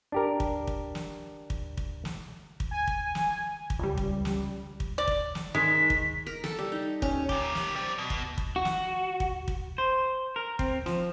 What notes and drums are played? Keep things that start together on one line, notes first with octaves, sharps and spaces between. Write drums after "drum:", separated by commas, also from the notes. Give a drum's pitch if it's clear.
D4 G4 A#4
drum: kick
drum: kick
drum: snare
drum: kick
drum: kick
drum: snare
drum: kick
G#5
drum: kick
drum: snare
drum: kick
C#2 G3
drum: kick
drum: snare
drum: kick
D5
drum: kick
drum: snare
D#3 G#3 B6
drum: kick
A#4
A4, drum: snare
G3
D#4
C#4, drum: kick
A#2 G4, drum: kick
drum: snare
C5 D5
B2
drum: kick
drum: kick
F#4
drum: snare
drum: kick
drum: kick
C5
A#4
C4, drum: kick
F3, drum: snare